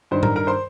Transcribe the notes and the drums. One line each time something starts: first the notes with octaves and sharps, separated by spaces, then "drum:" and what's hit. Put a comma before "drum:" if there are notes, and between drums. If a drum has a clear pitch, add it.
G2 D#3 C5
A#4 A#5, drum: tom A2
A#4 A#5
C5 C6